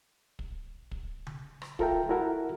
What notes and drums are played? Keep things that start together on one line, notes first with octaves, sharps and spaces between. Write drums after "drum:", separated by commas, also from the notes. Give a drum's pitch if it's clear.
drum: kick
drum: kick
drum: tom C#3
drum: rim click
F4 A4 A#4 E5 G5, drum: kick
E4 F#4 A4 A#4 E5 F#5